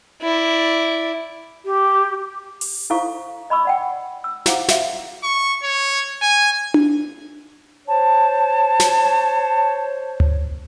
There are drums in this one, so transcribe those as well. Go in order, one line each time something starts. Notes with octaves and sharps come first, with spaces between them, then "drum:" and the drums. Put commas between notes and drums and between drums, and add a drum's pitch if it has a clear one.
E4 D5
G4
drum: open hi-hat
E4 F4 A4 C5 F5 C#6
D#5 B5 C#6 E6
D5 F#5 G5
E6
E4 C5 F5 F#5 D6, drum: snare
F#4 E5 F5, drum: snare
C#6
C#5
G#5
drum: tom D4
C5 C#5 A5
drum: snare
drum: tom D2